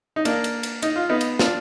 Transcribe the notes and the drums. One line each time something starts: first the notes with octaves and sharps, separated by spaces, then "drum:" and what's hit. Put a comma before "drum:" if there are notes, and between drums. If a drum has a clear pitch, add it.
D#4
A#3 D4, drum: cymbal
drum: cymbal
drum: cymbal
D#4, drum: cymbal
F4
B3 D#4
drum: cymbal
D4 F4, drum: snare